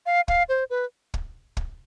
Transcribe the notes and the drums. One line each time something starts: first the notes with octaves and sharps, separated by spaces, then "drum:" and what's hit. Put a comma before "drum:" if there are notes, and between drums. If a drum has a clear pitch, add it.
F5
F5, drum: kick
C5
B4
drum: kick
drum: kick